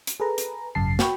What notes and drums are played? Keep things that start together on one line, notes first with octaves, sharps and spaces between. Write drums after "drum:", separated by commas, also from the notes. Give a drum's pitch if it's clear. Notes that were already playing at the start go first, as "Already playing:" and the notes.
drum: hi-hat
G#4 A4 B4 A#5
drum: hi-hat
G#1 F#2 C#3 A5 C7
F#4 G5 B5 C#6, drum: snare